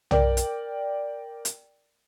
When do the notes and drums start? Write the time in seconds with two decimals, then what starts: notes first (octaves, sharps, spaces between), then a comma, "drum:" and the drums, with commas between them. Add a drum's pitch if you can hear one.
0.11 A#4 D5 G5, drum: tom
0.37 drum: hi-hat
1.45 drum: hi-hat